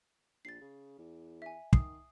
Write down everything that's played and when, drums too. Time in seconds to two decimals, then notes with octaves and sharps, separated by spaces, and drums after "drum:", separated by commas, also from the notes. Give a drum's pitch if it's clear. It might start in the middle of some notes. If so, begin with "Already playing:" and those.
0.45 A#1 A6 C7
0.61 C#3
0.98 E2
1.42 E5 G#5
1.73 D#3 D#6 C7, drum: kick